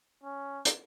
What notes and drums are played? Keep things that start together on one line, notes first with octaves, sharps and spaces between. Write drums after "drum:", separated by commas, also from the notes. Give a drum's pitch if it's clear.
C#4
drum: hi-hat